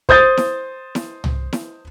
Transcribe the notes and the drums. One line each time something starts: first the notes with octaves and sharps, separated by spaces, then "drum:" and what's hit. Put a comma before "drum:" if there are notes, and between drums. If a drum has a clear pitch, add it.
C5 D#6 G6 A6, drum: kick
drum: snare E4
drum: snare E4
drum: tom
drum: snare E4